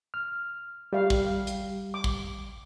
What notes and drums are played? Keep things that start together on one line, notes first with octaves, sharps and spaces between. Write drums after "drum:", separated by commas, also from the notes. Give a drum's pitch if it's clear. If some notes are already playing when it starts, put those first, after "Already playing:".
F6
G3 G4 F5
drum: kick
drum: hi-hat
D6
drum: kick